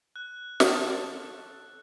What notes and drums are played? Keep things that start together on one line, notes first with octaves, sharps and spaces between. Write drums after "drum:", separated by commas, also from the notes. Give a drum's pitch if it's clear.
F#6
C5 C#5 A5 D#6, drum: snare
A4